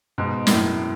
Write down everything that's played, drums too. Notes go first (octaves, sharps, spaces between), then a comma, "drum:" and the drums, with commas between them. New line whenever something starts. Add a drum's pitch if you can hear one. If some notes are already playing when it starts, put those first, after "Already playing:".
G#2 B2
F#2 A2, drum: snare